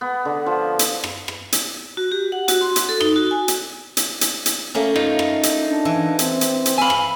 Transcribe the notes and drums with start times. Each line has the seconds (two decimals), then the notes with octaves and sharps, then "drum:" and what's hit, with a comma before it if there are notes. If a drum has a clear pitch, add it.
0.01 B3
0.25 D3
0.46 F3
0.79 drum: hi-hat
1.04 drum: rim click
1.28 drum: rim click
1.52 drum: hi-hat
1.97 F#4
2.12 G4
2.32 F#5
2.48 F#4, drum: hi-hat
2.61 C6
2.76 F#4, drum: hi-hat
2.89 A4
3.01 D#4, drum: rim click
3.16 F#4
3.31 G#5
3.48 drum: hi-hat
3.97 drum: hi-hat
4.21 drum: hi-hat
4.46 drum: hi-hat
4.74 A3 A#3 C#4
4.96 D#4 F4, drum: rim click
5.19 drum: rim click
5.43 drum: hi-hat
5.68 D4
5.85 E3
6.19 C4, drum: hi-hat
6.41 drum: hi-hat
6.66 drum: hi-hat
6.78 E5 F5 G#5 B5
6.90 drum: rim click